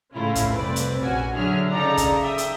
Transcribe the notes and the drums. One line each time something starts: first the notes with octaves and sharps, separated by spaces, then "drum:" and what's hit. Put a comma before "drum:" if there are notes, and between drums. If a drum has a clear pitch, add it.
A2 C#3 A3 C#4 E4 F4
drum: kick, hi-hat
C2 F2 C4 B4 D5
drum: hi-hat
A#1 C#4 F#4 G#5
D3 F#3 D4 G#4 E5 F6
C#3 D#4 A4 D5 A#5
drum: kick, hi-hat
E5 G5 D#6
drum: hi-hat